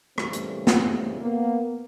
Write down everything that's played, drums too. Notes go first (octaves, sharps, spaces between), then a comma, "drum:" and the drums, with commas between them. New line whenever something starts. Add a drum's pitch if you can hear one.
A#2 C#3 E3 G3 A3 C4, drum: rim click
drum: hi-hat
drum: snare
A#3 B3